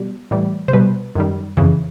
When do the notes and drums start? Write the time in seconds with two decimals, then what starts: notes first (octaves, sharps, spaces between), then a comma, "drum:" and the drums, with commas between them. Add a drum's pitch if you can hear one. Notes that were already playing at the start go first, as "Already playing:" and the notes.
Already playing: B2 G3
0.31 A2 E3 G3
0.68 C5, drum: tom B2
0.73 B2 G3 B4
1.15 F#2 D#3 G3
1.57 F2 C#3 E3, drum: tom F2